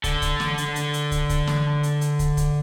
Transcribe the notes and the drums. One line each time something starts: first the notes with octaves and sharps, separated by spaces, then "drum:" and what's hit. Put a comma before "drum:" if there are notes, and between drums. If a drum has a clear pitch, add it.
D3 A4, drum: kick, hi-hat
drum: kick, hi-hat
drum: snare
drum: hi-hat
drum: hi-hat
drum: hi-hat
drum: kick, hi-hat
drum: kick, hi-hat
drum: snare
drum: hi-hat
drum: hi-hat
drum: kick, hi-hat
drum: kick, hi-hat